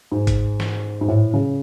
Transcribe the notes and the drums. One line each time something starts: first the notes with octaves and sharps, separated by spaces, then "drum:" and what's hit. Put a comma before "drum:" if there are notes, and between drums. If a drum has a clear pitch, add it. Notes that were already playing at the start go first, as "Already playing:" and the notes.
G#2
drum: kick G1, hi-hat
drum: snare
G#2
A2
C#3